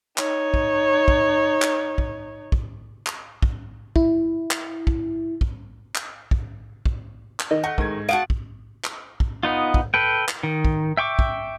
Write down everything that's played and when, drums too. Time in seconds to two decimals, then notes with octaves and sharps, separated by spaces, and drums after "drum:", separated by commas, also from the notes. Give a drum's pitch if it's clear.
0.18 D#4 C#5, drum: clap
0.54 drum: kick
1.08 drum: kick
1.62 drum: clap
1.98 drum: kick
2.52 drum: kick
3.06 drum: clap
3.43 drum: kick
3.96 E4, drum: kick
4.51 drum: clap
4.87 drum: kick
5.41 drum: kick
5.95 drum: clap
6.31 drum: kick
6.85 drum: kick
7.40 drum: clap
7.51 D#3 D#5
7.64 A3 F#5 A#6
7.78 G#2 D#3 G#6, drum: kick
8.09 B3 F#4 F5 F#5 A5 D7
8.30 drum: kick
8.84 drum: clap
9.20 drum: kick
9.43 B3 D#4 F4
9.74 drum: kick
9.94 A4 B4 G5
10.28 drum: clap
10.43 D#3
10.65 drum: kick
10.97 E5 G5 C#6 D6
11.19 drum: kick